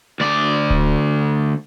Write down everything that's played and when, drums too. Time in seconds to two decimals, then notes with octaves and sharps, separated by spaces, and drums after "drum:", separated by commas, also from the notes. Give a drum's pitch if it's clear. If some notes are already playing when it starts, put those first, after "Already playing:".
0.20 D2 D5
0.70 drum: kick D1